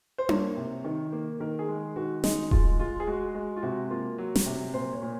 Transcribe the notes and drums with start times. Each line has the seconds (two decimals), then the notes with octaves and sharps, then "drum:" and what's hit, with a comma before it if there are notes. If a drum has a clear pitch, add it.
0.18 C5
0.29 A#3 C#5, drum: tom D4
0.57 C3
0.84 D#3
1.12 A#3
1.40 D#3 A#4
1.59 G#4
1.68 G#3
1.96 D#3 F#4
2.24 G#3 D#4, drum: snare
2.51 G#3 F4, drum: kick D#1
2.79 G#3 F4
3.00 G#4
3.07 G#3 F#4
3.35 G#3
3.56 F4
3.63 C3 F#4
3.90 A#3 F4
4.18 F#3 F#4
4.36 drum: snare
4.46 C3
4.74 A#2 C5
4.93 C#5
5.02 A#2